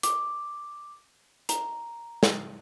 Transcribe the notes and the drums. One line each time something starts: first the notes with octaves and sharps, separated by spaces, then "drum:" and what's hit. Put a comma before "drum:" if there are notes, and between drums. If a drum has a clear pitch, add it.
D6, drum: hi-hat
A#5, drum: hi-hat
drum: snare